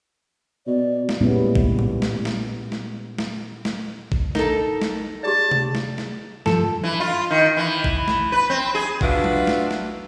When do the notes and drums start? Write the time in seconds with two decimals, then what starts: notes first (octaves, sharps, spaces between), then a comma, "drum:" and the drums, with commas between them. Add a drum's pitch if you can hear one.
0.67 B2 D5
1.09 drum: snare
1.21 A#2 G3 G#3 B3 C#4 E4
1.55 drum: kick A1
1.79 drum: tom A2
2.02 drum: snare
2.25 drum: snare
2.72 drum: snare
3.19 drum: snare
3.65 drum: snare
4.12 drum: kick A1
4.35 D#4 A4 A#4, drum: snare
4.82 drum: snare
5.23 G4 G#4 D5 A5
5.51 drum: tom C3
5.75 drum: snare
5.98 drum: snare
6.46 G2 F3 A4, drum: snare
6.84 E3
7.00 F4
7.30 D#3
7.57 E3
7.84 drum: kick A1
8.08 drum: snare
8.32 B4
8.50 C4
8.75 G#4
9.01 D4 F4 F#4 B4 E5, drum: kick A1
9.24 drum: tom F#3
9.47 drum: snare
9.71 drum: snare